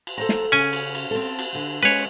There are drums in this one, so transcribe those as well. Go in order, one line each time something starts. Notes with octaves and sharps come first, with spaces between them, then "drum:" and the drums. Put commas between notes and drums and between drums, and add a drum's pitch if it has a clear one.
drum: cymbal
A4 C5 A#5
drum: snare
C#3 C#4 G#5
drum: cymbal
drum: cymbal
C4 A4
drum: cymbal
D3
G#3 C#4 B4 C#5, drum: cymbal